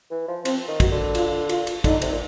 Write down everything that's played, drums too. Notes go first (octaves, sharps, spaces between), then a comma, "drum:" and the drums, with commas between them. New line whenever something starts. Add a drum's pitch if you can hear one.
E3
F3
F3 C4, drum: cymbal
D#3
F#4, drum: kick, cymbal
D3
F4, drum: cymbal
F4, drum: cymbal
drum: cymbal
D3 D#4, drum: kick, cymbal
C3, drum: cymbal
A#2